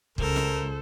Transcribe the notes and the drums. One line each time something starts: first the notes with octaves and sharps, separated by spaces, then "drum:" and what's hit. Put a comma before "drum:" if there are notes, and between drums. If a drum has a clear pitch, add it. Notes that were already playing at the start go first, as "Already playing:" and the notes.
C#2 A4 A#4 C5, drum: kick
drum: snare